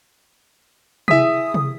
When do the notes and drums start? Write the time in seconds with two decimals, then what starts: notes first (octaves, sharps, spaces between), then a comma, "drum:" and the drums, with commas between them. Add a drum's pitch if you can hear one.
1.08 E4 G#4 E5 D#6 B6, drum: tom C3
1.54 drum: tom C3